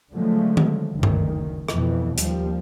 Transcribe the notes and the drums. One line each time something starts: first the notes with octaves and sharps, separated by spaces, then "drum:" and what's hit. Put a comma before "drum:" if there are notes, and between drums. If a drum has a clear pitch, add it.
D3 F3 F#3 G#3 A3
drum: tom D#3
F#1 D2 D#3
drum: tom G2
F2 B2 E3, drum: rim click
D#2 F3 G3, drum: hi-hat